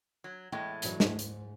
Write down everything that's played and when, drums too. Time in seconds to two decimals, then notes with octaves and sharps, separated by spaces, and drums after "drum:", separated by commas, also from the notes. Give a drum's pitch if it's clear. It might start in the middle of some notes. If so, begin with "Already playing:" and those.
0.24 F#3
0.52 E2 A2 G#3 G5
0.82 G2 E3 F#3, drum: hi-hat
1.00 G#2, drum: snare
1.19 drum: hi-hat